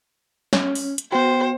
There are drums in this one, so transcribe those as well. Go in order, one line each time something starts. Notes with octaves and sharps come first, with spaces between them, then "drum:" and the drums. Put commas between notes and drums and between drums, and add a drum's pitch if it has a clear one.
C#4, drum: snare
drum: open hi-hat
drum: hi-hat
B3 F#4 C5 G5